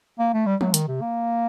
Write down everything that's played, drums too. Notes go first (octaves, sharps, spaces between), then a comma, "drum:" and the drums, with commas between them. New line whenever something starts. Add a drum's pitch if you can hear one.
A#3
A3
G3
F#3, drum: tom G3
D#3, drum: hi-hat
C3
A#3